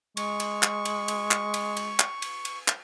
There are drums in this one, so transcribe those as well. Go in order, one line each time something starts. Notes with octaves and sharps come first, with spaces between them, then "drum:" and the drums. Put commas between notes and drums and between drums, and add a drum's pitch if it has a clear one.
G#3 C#6, drum: cymbal
drum: cymbal
drum: clap
drum: cymbal
drum: cymbal
drum: clap
drum: cymbal
drum: cymbal
drum: clap
drum: cymbal
drum: cymbal
drum: clap